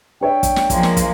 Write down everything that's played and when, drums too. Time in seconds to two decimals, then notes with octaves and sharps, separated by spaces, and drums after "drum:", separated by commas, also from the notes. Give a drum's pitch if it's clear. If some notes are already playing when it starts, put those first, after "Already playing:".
0.21 D4 C#5 E5 G5
0.43 drum: kick, hi-hat
0.56 drum: snare
0.70 F3 G#3 A#3, drum: kick, hi-hat
0.83 drum: snare
0.97 drum: kick, hi-hat